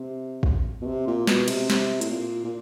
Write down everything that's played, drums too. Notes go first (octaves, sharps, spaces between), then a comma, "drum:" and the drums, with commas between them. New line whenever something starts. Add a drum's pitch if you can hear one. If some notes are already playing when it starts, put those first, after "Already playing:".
Already playing: C3
drum: kick
B2
C3
A#2
B2, drum: snare
C3, drum: cymbal
C3, drum: snare
A2, drum: hi-hat
A#2
A#2